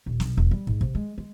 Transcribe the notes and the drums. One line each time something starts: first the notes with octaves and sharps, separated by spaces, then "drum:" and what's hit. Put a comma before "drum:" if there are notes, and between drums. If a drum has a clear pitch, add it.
D#1
B1, drum: snare
E1
G3
G#2, drum: kick
C3, drum: kick
G#3
G#3